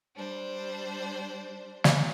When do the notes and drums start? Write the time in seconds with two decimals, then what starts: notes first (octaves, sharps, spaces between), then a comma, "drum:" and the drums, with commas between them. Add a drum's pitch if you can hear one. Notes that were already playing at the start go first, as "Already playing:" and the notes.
0.16 G3 D4 C5
1.84 drum: snare